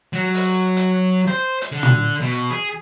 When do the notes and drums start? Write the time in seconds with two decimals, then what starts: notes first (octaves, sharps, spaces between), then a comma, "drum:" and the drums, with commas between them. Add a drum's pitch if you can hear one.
0.13 F#3
0.34 drum: open hi-hat
0.77 drum: hi-hat
1.27 C5
1.62 drum: hi-hat
1.72 D3
1.83 drum: tom
2.21 B2
2.50 G#4